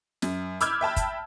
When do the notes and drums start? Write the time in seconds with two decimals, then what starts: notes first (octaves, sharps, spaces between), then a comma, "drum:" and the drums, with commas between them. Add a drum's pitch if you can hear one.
0.22 F#2, drum: snare
0.61 B5 D6 E6 F6 G6 G#6, drum: hi-hat
0.81 E5 G5 A5 B5
0.97 drum: kick, hi-hat